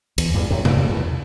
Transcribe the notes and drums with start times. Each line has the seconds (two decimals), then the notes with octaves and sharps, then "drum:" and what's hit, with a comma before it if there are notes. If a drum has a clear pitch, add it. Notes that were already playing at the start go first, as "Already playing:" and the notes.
0.18 E2, drum: cymbal
0.34 E2 G2
0.50 F#2 A2
0.65 E2 G2, drum: tom C3
0.77 F#2
0.89 E2